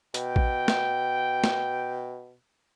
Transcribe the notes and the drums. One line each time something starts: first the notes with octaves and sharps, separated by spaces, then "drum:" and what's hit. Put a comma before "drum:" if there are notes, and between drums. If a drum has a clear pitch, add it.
B2 G5, drum: hi-hat
drum: kick A1
drum: snare
drum: snare